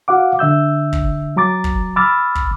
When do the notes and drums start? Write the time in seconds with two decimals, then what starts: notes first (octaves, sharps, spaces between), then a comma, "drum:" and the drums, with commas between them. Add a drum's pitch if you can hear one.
0.08 F#4 F5 F#5 D6
0.39 D3 E5 E6 G6
0.93 drum: kick
1.36 F#3 A#5 D6 A6
1.64 drum: kick
1.96 B5 D6 E6 F6 A6
2.35 drum: kick